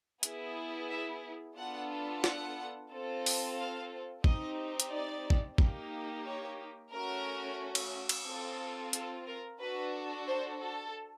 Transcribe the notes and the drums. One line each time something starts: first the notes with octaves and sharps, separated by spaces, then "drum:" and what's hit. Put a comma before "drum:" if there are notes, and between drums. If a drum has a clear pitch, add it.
B3 E4 G#4, drum: hi-hat
E5
B3 D4 F4 A4 F#5
F#5, drum: snare
C4 F4 A4
drum: open hi-hat
F5
C4 D#4 G4 D#5, drum: kick
drum: hi-hat
D5
drum: kick
A#3 D#4 G4, drum: kick
C#5
A3 C#4 F#4 A#4
drum: cymbal
drum: cymbal
C4 F4 A4
A4, drum: hi-hat
A#4
D4 F#4 A4 B4
C5
A4